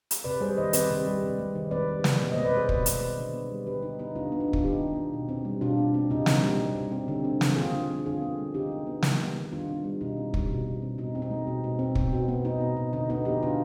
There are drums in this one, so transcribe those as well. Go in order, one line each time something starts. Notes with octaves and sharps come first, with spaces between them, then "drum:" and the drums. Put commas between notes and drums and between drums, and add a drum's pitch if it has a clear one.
drum: hi-hat
C3 B4 D5
G3 G#4 C5
D#3 C5 D#5
C4 B4 D5, drum: hi-hat
C3
G3
C3
G#3
D#3
C3 B4 D5
C3
G#3, drum: snare
B2
B3 C5 D#5
B4 D5
G#3 G#4 C5
B2, drum: kick
B2, drum: hi-hat
B3
D3
B3
G3
D3 G4 B4
D3 D#4
B3 D#4
C3 D4 F4
B3
D4 F4
D#3
F4, drum: kick
C3 D#4 G4
C3
B3
B2
C4
G3
B2 D4 F4
B2
C4
C3 D#4
C4, drum: snare
G3
C3
C3
C4
D3
C4
F3, drum: snare
D3 F4 G#4
D3
C4
D3 F4 G#4
B3
G#3
D3 D#4 G4
D3
B3
C3, drum: snare
G3
D#3
B3 D4 F4
C3
G3
B2 D#4
C4
G3, drum: kick
B2
B2
C4
B2 D#4
C4
D#4
G#3
B2
B2
C4
B2, drum: kick
B2
B3
B3 D#4
B2
B2
D3 D#4
B3 D#4
F3 D#4 G4
D3 D4 F4